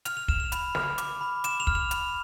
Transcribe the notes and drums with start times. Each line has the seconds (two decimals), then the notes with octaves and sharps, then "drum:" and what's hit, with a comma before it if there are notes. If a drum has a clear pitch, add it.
0.05 F6 F7, drum: hi-hat
0.17 F7
0.28 F6 E7, drum: kick
0.40 F7
0.52 B5, drum: hi-hat
0.75 F6, drum: snare
0.98 D6, drum: hi-hat
1.21 B5
1.44 D6 E7, drum: hi-hat
1.60 F7
1.67 F6, drum: kick
1.75 F7
1.91 B5, drum: hi-hat